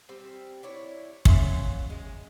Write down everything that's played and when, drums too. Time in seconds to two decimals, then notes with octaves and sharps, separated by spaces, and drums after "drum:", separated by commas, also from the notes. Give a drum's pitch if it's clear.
0.09 G3 C4 C5
0.63 D4 E4 C#5
1.25 A#2 F#3 C#4 E5 C6, drum: kick
1.90 G#3